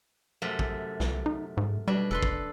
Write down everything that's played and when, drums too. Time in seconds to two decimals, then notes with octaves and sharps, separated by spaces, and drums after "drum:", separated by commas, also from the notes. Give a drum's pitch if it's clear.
0.42 F#2 C3 A3
0.59 drum: kick
1.00 C2, drum: snare
1.26 D#4
1.57 G#2
1.88 B2 G3 D4
2.11 F1 A4 B4 C6
2.23 drum: kick